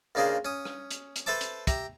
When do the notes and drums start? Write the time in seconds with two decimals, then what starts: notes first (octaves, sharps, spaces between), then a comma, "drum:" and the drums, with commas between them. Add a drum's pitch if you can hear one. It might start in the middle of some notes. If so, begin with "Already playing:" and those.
0.15 D#2 C#3 D4 G#4 A#4 C5
0.45 C#4 D#6
0.65 drum: rim click
0.91 drum: hi-hat
1.16 drum: hi-hat
1.26 A4 B4 C5 E5 A5 D6
1.41 drum: hi-hat
1.67 G4 E5 A#5, drum: kick, hi-hat